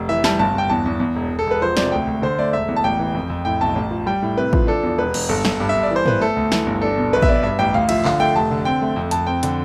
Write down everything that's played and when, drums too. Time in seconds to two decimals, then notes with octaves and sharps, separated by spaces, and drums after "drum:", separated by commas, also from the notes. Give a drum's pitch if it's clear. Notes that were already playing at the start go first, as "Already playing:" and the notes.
Already playing: F1
0.09 E3 E5
0.24 G3 A5, drum: snare
0.39 G1 A5
0.54 G1 G5
0.69 E2 A5
0.86 E2
1.00 E2
1.16 E1
1.30 E1
1.39 A4
1.47 E1 B4
1.62 F3 C5
1.77 C3 D5, drum: snare
1.92 D2 G5
2.07 D2
2.22 D3 C5
2.39 A3 D5
2.53 E1 E5
2.68 E2
2.76 A5
2.84 A1 G5
2.99 E3
3.15 F2
3.30 F2
3.45 A2 G5
3.61 B1 A5
3.75 A1
3.91 F3
4.06 G3 G5
4.22 A2
4.37 C3 B4
4.53 F3, drum: kick
4.67 D4 A4
4.83 E2
4.98 E1 B4
5.14 E1, drum: cymbal
5.29 G1 A4
5.45 G1, drum: snare
5.60 G2
5.69 E5
5.75 G2
5.83 D5
5.91 E3
5.96 C5
6.06 B3 B4, drum: tom G#2
6.21 A3 A4
6.36 D2
6.52 E3, drum: snare
6.66 G1
6.82 D4 A4
6.98 B2
7.13 B1 B4
7.22 E5, drum: kick
7.28 B3 D5
7.43 G2 E5
7.59 A1 G5
7.74 D2 F5
7.89 F3 E5, drum: cymbal
8.05 D3 F5, drum: clap
8.20 A3 G5
8.36 F1 A5
8.51 D3
8.65 C4 G5
8.82 A3
8.96 F2
9.11 F2 A5, drum: hi-hat
9.27 C4 G5
9.43 D3, drum: hi-hat